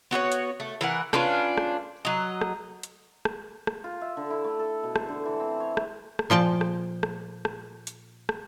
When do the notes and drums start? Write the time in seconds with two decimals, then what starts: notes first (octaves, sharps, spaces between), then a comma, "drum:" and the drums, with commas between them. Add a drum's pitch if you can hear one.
0.11 B3 F#4 G#4 C#5
0.32 drum: hi-hat
0.60 A3
0.81 E3 A#4 F#5
1.13 C#4 D4 F4 B4, drum: rim click
1.58 drum: rim click
2.05 F#3 D#5
2.41 drum: rim click
2.83 drum: hi-hat
3.25 drum: rim click
3.67 drum: rim click
3.84 F4
4.01 E5
4.17 D3
4.30 E4
4.44 A3
4.59 A4
4.83 B2
4.96 C5, drum: rim click
5.08 D3
5.25 E3
5.40 C4
5.60 C#5
5.77 drum: rim click
6.19 drum: rim click
6.30 A#2 F3 G5 A5
6.61 drum: rim click
7.03 drum: rim click
7.45 drum: rim click
7.87 drum: hi-hat
8.29 drum: rim click